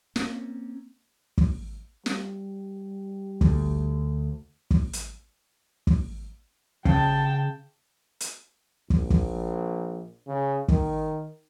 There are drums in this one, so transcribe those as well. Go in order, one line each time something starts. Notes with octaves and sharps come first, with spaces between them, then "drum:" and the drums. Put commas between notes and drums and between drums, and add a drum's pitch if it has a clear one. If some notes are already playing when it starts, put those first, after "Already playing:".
A#3 C4 C#4, drum: snare
drum: kick
G3, drum: snare
D2, drum: kick
drum: kick
drum: hi-hat
drum: kick
C#3 G5 A5, drum: kick
drum: hi-hat
A#1, drum: kick
drum: kick
C#3
D#3, drum: kick